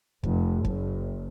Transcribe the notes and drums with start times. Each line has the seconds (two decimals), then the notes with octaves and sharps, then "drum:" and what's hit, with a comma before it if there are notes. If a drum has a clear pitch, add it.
0.23 F1, drum: kick
0.65 F#1, drum: kick